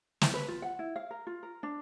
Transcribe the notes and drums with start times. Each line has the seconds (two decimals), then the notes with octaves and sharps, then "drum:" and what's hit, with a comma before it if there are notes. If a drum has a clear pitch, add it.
0.21 E4, drum: snare
0.33 B4
0.48 F4
0.62 F#5
0.79 E4
0.96 F5
1.11 A#4
1.27 F4
1.43 A#4
1.63 D4